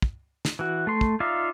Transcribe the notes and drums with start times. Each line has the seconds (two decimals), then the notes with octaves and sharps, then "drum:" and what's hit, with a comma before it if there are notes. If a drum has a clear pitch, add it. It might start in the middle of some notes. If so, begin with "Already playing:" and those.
0.02 drum: kick
0.45 drum: snare
0.59 E3 F#4
0.87 A3 C6
1.01 drum: kick
1.20 D#4 F4 D5 E5 F5